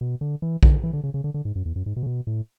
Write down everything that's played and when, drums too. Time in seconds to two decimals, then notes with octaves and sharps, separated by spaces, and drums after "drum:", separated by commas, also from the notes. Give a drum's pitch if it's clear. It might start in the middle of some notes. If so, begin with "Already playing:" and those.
0.01 B2
0.21 D3
0.42 E3
0.63 D3, drum: kick A#1
0.83 E3
0.93 D3
1.04 C#3
1.14 C#3
1.24 D3
1.34 D3
1.45 G#2
1.55 F#2
1.65 E2
1.76 F#2
1.86 G#2
1.96 B2
2.03 C#3
2.06 B2
2.27 A2